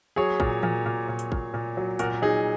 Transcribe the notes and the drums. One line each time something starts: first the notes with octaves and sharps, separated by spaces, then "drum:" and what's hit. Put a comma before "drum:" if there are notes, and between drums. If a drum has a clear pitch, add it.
F#3 G#4 C#5
A#2, drum: kick
A#2, drum: tom E3
A#2
A#2
drum: hi-hat
A#2, drum: kick
A#2
F#3
A#2 F#4 A#4, drum: hi-hat
F#3 D#4 G#4